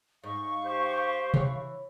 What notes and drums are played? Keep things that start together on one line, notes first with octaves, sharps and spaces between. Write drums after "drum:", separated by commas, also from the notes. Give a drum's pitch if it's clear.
G#2 F5 C#6
G4 C5
E3 C#5, drum: tom C3